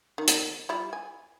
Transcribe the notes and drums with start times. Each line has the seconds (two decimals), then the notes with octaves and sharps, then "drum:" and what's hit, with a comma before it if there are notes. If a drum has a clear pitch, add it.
0.18 D#3
0.28 drum: hi-hat
0.69 G3 E4 F4
0.93 G#5